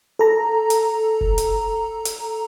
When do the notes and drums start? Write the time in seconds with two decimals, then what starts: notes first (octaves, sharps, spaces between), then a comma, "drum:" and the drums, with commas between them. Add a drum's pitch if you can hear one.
0.19 A4 A#5
0.70 drum: hi-hat
1.21 drum: kick
1.38 drum: hi-hat
2.05 drum: hi-hat